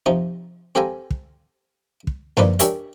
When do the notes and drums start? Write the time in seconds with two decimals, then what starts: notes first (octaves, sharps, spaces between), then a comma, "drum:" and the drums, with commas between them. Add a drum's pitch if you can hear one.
0.06 C3 F3 D#4
0.75 C4 G4 A4 F5 G#5 A#5
1.10 drum: kick
2.07 drum: kick
2.37 A#1 A#2 F3 D#4 B4 D5, drum: tom F#2
2.59 D4 G4 G#4 A#4 C#5 E5, drum: hi-hat